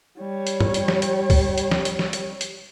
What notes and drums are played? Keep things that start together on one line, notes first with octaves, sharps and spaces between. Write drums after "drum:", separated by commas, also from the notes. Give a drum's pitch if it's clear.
G3 C#5
drum: hi-hat
drum: tom G2
drum: hi-hat
drum: snare
drum: hi-hat
drum: kick, open hi-hat
drum: hi-hat
drum: snare
drum: hi-hat
drum: snare
drum: hi-hat
drum: hi-hat